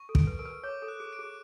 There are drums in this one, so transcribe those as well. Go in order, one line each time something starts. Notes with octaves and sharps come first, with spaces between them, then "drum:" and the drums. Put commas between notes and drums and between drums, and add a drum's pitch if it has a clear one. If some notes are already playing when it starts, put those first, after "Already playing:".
Already playing: C#6
A4
D7, drum: kick
B4
A#4 D7
B4
C#5 D6
A4
F#6
G#4
D7
G#4